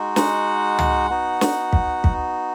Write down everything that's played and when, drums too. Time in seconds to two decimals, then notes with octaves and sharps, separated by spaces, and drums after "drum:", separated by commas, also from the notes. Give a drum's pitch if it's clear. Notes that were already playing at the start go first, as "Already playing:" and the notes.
Already playing: G#3 D#4 F#4
0.16 F#5, drum: snare
0.79 drum: tom
1.10 B3 D#4 F#4
1.41 drum: snare
1.73 drum: kick
2.04 drum: kick